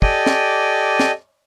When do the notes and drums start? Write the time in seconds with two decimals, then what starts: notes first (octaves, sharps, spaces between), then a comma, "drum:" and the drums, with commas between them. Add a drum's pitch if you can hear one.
0.02 G4 A4 D5 D#5 G#5, drum: kick
0.26 drum: snare
0.99 drum: snare